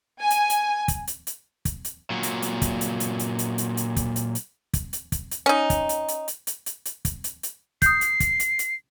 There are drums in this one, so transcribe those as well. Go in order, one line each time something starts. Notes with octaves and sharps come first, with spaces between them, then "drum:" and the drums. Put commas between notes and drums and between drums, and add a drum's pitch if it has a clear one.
G#5
drum: hi-hat
drum: hi-hat
drum: kick, hi-hat
drum: hi-hat
drum: hi-hat
drum: kick, hi-hat
drum: hi-hat
A#2 F#3
drum: hi-hat
drum: hi-hat
drum: kick, hi-hat
drum: hi-hat
drum: hi-hat
drum: hi-hat
drum: hi-hat
drum: hi-hat
drum: hi-hat
drum: kick, hi-hat
drum: hi-hat
drum: hi-hat
drum: kick, hi-hat
drum: hi-hat
drum: kick, hi-hat
drum: hi-hat
C#4 D#4
drum: kick, hi-hat
drum: hi-hat
drum: hi-hat
drum: hi-hat
drum: hi-hat
drum: hi-hat
drum: hi-hat
drum: kick, hi-hat
drum: hi-hat
drum: hi-hat
D#6 G6 C7, drum: kick, hi-hat
drum: hi-hat
drum: kick, hi-hat
drum: hi-hat
drum: hi-hat